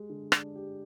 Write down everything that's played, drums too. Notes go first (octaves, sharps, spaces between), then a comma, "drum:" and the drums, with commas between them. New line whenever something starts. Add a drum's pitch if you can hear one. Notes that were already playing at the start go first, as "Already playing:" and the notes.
Already playing: G#3 G4
D3
D4, drum: rim click
G4